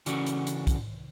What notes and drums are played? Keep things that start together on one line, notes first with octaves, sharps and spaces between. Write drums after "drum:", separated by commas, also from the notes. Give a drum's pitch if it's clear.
C#3 E3 C#4 D4 F#4 A4, drum: hi-hat
drum: hi-hat
drum: hi-hat
drum: kick, hi-hat